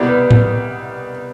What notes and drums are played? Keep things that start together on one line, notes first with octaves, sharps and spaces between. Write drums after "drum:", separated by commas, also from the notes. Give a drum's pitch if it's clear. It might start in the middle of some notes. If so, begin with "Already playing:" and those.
Already playing: C2 B2 B3 E4 G4 D5
B4
drum: tom A2